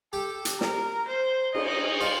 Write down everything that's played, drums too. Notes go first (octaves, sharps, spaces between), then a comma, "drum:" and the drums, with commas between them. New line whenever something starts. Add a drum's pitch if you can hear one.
G4 A4
drum: hi-hat
A#4, drum: snare
C5
D#5, drum: cymbal
F4